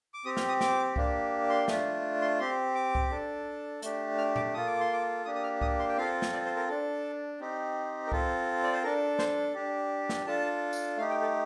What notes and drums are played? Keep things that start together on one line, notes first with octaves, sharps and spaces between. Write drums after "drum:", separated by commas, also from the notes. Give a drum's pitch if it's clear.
D6
C4 G4 D#6
F6, drum: snare
D#6
D6, drum: snare
A#3 D4 G4, drum: kick C2
C6
A3 D4 F4, drum: snare
C6
C4 G4 C6
D6
drum: kick C2
D4 A4
A3 D4 G4, drum: hi-hat
F6
D6, drum: tom A#2
A#3 F4 A4 D#6
D6
C6
D6
A#3 D4 G4 D#6
D#6
F6
D#6, drum: kick C2
C6
G5
C4 F4 A4 F5
drum: snare
D5
C5
A#4
D4 A4
C4 D#4 G4
A#4
C4 F4 A4, drum: kick C2
D5
C5
D4 A4 A#4
C5, drum: snare
D4 G4
drum: snare
D4 F4 A4 A5
drum: tambourine
A3 D#4 G4 F5
G5
A4